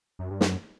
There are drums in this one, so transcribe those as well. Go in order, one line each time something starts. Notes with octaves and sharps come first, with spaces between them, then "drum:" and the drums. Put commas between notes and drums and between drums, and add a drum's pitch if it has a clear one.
F#2
G2
F#2, drum: snare